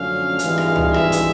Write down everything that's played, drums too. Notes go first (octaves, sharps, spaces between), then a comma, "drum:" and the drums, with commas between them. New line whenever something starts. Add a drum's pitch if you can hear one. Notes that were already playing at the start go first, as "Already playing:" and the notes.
Already playing: F#2 D3 F3 A3 C#4 F5
G#1 G2 E3 G#3, drum: hi-hat
drum: rim click
drum: tom
E5, drum: rim click
drum: hi-hat